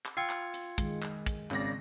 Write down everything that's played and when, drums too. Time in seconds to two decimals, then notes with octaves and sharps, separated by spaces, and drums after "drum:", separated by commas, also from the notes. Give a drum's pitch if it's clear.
0.05 drum: clap
0.17 F4 G5 E6 G#6 C7 C#7
0.30 drum: clap
0.54 drum: hi-hat
0.78 D#3 G#3, drum: kick, hi-hat
1.02 drum: clap
1.26 drum: kick, hi-hat
1.51 G#1 C#3 D5 A#6, drum: clap